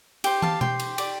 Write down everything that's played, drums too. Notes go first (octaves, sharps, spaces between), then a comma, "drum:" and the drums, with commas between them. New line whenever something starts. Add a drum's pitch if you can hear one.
G4 C5 G5, drum: cymbal
F5 A5, drum: tom
G5 C6, drum: tom B2
drum: cymbal
G4 D5, drum: cymbal